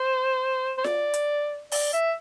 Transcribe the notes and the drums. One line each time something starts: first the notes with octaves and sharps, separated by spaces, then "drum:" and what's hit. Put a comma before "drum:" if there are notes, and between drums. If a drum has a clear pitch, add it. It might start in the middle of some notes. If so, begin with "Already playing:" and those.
Already playing: C5
C5
D5, drum: snare F4
drum: hi-hat
D5, drum: open hi-hat
E5